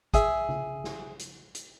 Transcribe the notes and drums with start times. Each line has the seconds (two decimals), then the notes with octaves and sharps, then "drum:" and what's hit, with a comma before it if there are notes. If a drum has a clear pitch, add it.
0.14 G#4 E5, drum: kick, hi-hat
0.49 drum: tom C#3
0.84 drum: snare
1.19 drum: hi-hat
1.55 drum: hi-hat